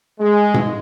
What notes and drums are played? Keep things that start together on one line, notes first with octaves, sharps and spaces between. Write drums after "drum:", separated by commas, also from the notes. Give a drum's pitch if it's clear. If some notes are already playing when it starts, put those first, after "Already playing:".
G#3
drum: tom G#2